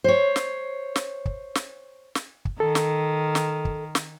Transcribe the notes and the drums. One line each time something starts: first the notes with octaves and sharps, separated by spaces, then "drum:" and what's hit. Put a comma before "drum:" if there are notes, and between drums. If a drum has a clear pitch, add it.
C5 C#5
drum: snare
drum: snare
drum: kick
drum: snare
drum: snare
drum: kick
D#3 A4
drum: snare
drum: snare
drum: kick
drum: snare